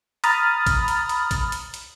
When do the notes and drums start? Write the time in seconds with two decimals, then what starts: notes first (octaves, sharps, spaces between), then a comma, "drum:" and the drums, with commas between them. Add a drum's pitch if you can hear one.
0.24 A#5 B5 D#6 F6 A6, drum: hi-hat
0.67 drum: kick, hi-hat
0.88 drum: hi-hat
1.09 drum: hi-hat
1.31 drum: kick, hi-hat
1.52 drum: hi-hat
1.74 drum: hi-hat